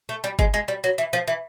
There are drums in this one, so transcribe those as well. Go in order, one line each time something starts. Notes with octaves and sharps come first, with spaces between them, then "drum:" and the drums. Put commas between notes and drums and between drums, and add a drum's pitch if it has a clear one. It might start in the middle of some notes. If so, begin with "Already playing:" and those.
A3
G3
G#3, drum: kick
G#3
G3
F#3
E3
F3
E3